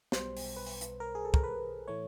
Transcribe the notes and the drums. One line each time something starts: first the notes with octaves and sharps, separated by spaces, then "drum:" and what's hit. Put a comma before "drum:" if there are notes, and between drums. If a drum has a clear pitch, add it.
B1 B2 G3 C5, drum: snare
drum: open hi-hat
B4
drum: open hi-hat
drum: hi-hat
A#4
G#4
A4
A#4, drum: kick
B4
A2 E3 A3 C#5